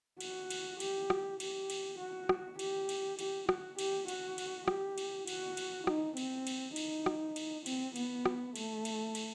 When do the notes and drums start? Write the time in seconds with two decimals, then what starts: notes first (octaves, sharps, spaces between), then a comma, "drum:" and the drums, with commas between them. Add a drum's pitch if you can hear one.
0.21 F#4, drum: cymbal
0.50 drum: cymbal
0.80 G4, drum: cymbal
1.10 drum: rim click
1.40 G4, drum: cymbal
1.70 drum: cymbal
1.99 F#4
2.29 drum: rim click
2.59 G4, drum: cymbal
2.89 drum: cymbal
3.19 G4, drum: cymbal
3.49 F#4, drum: rim click
3.79 G4, drum: cymbal
4.08 F#4, drum: cymbal
4.38 drum: cymbal
4.68 G4, drum: rim click
4.98 drum: cymbal
5.27 F#4, drum: cymbal
5.57 drum: cymbal
5.87 D#4, drum: rim click
6.17 C4, drum: cymbal
6.47 drum: cymbal
6.76 D#4, drum: cymbal
7.06 drum: rim click
7.36 drum: cymbal
7.66 C4, drum: cymbal
7.96 B3, drum: cymbal
8.25 drum: rim click
8.56 A3, drum: cymbal
8.85 drum: cymbal
9.15 drum: cymbal